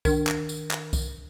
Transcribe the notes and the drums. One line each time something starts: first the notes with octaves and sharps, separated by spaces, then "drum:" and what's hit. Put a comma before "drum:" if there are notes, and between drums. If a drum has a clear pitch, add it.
D#3 D4 A#4, drum: kick C2, tambourine
drum: clap
drum: tambourine
drum: clap
drum: kick C2, tambourine